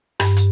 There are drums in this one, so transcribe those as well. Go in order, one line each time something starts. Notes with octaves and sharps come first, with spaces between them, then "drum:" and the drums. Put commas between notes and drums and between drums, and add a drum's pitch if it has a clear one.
G2, drum: rim click
drum: hi-hat